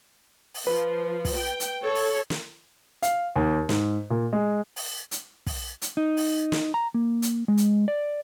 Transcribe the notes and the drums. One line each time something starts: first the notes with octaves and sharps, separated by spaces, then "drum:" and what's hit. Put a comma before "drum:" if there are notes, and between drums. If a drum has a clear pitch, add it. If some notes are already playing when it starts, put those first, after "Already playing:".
drum: open hi-hat
F3 B4
drum: kick, open hi-hat
G5
drum: hi-hat
A4 C#5
drum: open hi-hat
drum: snare
F5, drum: hi-hat
D#2
G#2, drum: snare
A#2
G#3
drum: open hi-hat
drum: hi-hat
drum: kick, open hi-hat
drum: hi-hat
D#4
drum: open hi-hat
drum: snare
A#5
A#3
drum: hi-hat
G#3
drum: hi-hat
D5